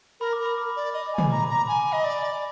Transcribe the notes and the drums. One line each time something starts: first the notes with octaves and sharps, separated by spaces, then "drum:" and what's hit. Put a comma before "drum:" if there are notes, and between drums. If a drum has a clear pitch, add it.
A#4 B5
D6
A#4
B5
D6
B5
D5
D6
D#5 B5
D6
G#5
B5, drum: tom
A#5 D6
B5
A#5
D6
G#5 B5
D6
D#5 B5
D5 D6
B5